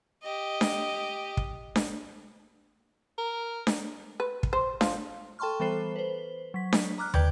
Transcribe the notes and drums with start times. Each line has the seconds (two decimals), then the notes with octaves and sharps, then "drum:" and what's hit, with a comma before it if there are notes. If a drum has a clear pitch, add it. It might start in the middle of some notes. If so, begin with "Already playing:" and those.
0.23 G4 D#5
0.61 drum: snare D4
1.37 drum: kick
1.76 drum: snare D4
3.18 A#4
3.67 drum: snare D4
4.20 B4
4.43 drum: kick
4.53 C5
4.81 F3, drum: snare D4
5.39 A4 G5 A5 C6 C#6 F6
5.60 E3 G3 B3 A4 C5 C7
5.96 B4 C5
6.54 F#3 B6
6.73 drum: snare D4
6.98 A#5 D6 F6 F#6
7.14 B4 D5 G5 D6 G6 G#6, drum: tom